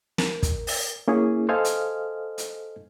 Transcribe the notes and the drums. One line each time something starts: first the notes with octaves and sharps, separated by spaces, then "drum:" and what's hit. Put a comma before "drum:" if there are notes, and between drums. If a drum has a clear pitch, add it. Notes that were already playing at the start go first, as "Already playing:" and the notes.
A#4, drum: snare
drum: kick, hi-hat
drum: open hi-hat
A#3 C#4 E4 G#4
A4 C5 D#5 F5 G#5 F6
drum: hi-hat
drum: hi-hat